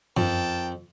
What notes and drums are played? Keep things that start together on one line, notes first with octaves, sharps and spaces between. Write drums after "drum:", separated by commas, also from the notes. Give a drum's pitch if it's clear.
F2 A#4 G5 A5, drum: tom F#2